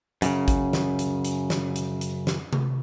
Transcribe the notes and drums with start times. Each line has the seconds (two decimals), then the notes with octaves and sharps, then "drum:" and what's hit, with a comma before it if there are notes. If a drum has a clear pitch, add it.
0.22 F#2 A2 C#3, drum: hi-hat
0.48 drum: kick G#1, hi-hat
0.73 drum: snare
0.99 drum: hi-hat
1.25 drum: hi-hat
1.50 drum: snare
1.76 drum: hi-hat
2.01 drum: hi-hat
2.27 drum: snare
2.53 drum: tom C3